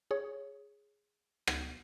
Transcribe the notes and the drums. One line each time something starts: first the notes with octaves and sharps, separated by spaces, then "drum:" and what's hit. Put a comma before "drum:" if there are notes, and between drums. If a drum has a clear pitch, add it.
G#4 C#5
drum: rim click